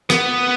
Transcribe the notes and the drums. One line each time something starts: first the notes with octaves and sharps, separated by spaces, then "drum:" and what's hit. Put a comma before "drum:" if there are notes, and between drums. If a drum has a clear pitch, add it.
B3, drum: rim click